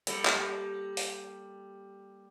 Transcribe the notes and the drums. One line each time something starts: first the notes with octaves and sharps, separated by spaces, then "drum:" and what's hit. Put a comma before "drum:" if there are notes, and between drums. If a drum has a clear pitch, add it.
G3 A#3 A4, drum: hi-hat
drum: clap
drum: open hi-hat